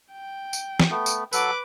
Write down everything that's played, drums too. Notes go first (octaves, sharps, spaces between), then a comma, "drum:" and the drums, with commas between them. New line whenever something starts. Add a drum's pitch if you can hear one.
G5
drum: tambourine
drum: snare
A3 B3
drum: tambourine
F#3 A4 B4 D6, drum: tambourine